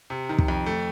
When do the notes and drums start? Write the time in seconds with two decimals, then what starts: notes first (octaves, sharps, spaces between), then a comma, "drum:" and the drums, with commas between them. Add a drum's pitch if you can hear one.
0.10 C3
0.29 D#3
0.38 drum: kick
0.48 F2
0.66 A3